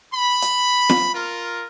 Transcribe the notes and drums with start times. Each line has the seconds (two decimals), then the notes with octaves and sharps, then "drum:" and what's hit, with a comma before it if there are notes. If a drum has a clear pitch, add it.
0.13 B5
0.42 drum: hi-hat
0.89 drum: snare
1.13 F4 A#4